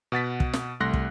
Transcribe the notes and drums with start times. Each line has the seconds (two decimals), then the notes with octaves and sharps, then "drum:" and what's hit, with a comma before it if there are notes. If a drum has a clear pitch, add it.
0.12 B2 F#5 A6 B6
0.40 drum: kick
0.53 drum: snare
0.80 C2 A3 C6 F#6 A#6
0.94 drum: kick